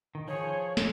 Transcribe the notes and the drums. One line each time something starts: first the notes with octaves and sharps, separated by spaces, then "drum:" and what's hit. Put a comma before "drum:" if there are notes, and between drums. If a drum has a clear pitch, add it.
D#3
F3 G#4 C#5
drum: snare